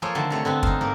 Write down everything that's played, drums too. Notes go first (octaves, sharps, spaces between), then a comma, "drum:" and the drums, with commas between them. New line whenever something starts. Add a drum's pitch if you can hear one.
F3 A#3 G#4 A4 C5 C#5
D3 D#3 A3
C3 A3 C#5
D3 B3 C4
D#4 F5, drum: kick
G#2 A#3 A#4